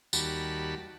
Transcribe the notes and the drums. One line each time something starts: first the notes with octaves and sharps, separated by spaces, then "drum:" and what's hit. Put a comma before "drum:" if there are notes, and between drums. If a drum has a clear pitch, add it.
D#2 G3 F#4 A5 B5, drum: tambourine